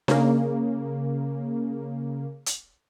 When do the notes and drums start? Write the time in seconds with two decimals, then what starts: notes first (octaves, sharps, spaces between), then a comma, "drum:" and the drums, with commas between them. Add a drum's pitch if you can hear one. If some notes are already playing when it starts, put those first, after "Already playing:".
0.08 C#3 A#3, drum: snare D4
2.46 drum: hi-hat